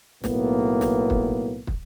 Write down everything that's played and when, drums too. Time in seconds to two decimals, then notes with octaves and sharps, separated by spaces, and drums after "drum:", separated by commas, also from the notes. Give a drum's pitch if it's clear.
0.24 B1 A2 A#3 B3, drum: snare
0.81 drum: snare
1.10 drum: kick
1.67 drum: kick